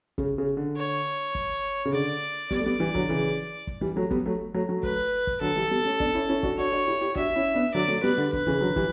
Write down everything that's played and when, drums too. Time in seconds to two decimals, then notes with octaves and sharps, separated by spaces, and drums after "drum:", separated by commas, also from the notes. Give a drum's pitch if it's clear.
0.18 C#3, drum: kick
0.38 C#3
0.57 D3
0.77 C#5
1.35 drum: kick
1.85 C#3
1.93 D3 D5
2.50 G3 B3 D5, drum: kick
2.59 A3
2.65 G3 B3
2.80 E3 G3
2.95 D3 F#3, drum: kick
3.09 C#3 E3
3.67 drum: kick
3.81 E3 G3
3.96 F#3 A3
4.11 G3 B3, drum: kick
4.26 F#3 A3
4.54 F#3 A3
4.69 F#3 A3
4.83 B4, drum: kick
5.27 drum: kick
5.41 D3 F#3 A4
5.56 E3 G3
5.71 G3 B3
5.85 A3 C#4
6.00 B3 D4, drum: kick
6.14 C#4 E4
6.29 C#4 E4
6.43 D4 F#4, drum: kick
6.58 D4 F#4 C#5
6.72 D4 F#4
6.87 E4 G4
7.01 E4 G4
7.16 D4 F#4 E5, drum: kick
7.36 C#4 E4
7.54 B3 D4
7.74 D3 F#3 D5
7.88 F#3 A3
8.03 G3 B3 B4
8.18 D3
8.33 D3 B4, drum: kick
8.47 C#3 E3
8.61 D3 F#3
8.76 E3 G3, drum: kick